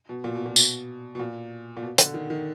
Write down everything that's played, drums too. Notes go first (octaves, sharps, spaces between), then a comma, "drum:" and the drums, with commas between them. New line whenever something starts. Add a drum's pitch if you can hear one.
B2
A#2
B2
A#2
B2, drum: tambourine
B2
A#2
A#2
B2
D3, drum: hi-hat
D#3
D#3